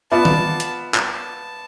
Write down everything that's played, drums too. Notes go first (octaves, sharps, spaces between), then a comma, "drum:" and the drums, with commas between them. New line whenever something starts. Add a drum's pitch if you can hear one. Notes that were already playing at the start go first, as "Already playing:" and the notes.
B3 F4 B4 D5 A5
drum: tom
drum: hi-hat
A5, drum: clap